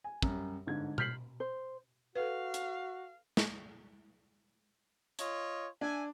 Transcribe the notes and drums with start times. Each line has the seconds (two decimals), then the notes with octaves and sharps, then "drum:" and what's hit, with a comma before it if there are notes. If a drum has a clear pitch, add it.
0.04 G#5
0.22 F#2 G3, drum: kick
0.67 G1 G#2 D3 G#6
0.98 F6 G6 B6 C7 F#7, drum: tom B2
1.40 C5
2.15 F#4 A4 B4 F5
2.54 drum: hi-hat
3.37 drum: snare
5.19 F4 C#5 D#5, drum: hi-hat
5.81 D4 E5 G#5